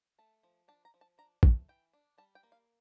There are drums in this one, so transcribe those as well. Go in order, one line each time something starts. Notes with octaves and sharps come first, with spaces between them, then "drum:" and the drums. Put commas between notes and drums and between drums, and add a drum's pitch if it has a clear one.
A3 A5
F3
D4 A5
A#5
F3
A5
D4 A#5
A3 A5, drum: kick
E3 G5
D4
G3 A5
G5
A#3
F5